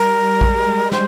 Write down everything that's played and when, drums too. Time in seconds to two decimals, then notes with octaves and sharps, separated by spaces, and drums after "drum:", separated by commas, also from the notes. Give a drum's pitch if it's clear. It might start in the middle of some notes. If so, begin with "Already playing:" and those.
Already playing: G3 A#4
0.41 G#3, drum: kick A#1
0.92 C5, drum: snare